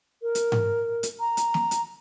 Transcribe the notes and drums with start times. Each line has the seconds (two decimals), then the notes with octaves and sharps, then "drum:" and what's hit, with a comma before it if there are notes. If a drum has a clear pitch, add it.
0.22 A#4
0.35 drum: hi-hat
0.52 drum: tom G#2
1.03 drum: hi-hat
1.20 A#5
1.37 drum: hi-hat
1.54 drum: snare
1.71 drum: hi-hat